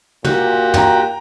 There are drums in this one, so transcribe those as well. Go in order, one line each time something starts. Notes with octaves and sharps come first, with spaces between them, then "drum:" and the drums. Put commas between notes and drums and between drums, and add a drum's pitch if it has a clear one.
A#2 F#4 G4, drum: tom
G5 A#5, drum: tom